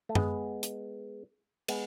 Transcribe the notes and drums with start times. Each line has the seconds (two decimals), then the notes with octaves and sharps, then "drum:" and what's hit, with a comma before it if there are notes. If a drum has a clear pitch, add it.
0.09 A3
0.15 G#3 B3, drum: tom F#2
0.63 drum: hi-hat
1.68 G#3 B3, drum: cymbal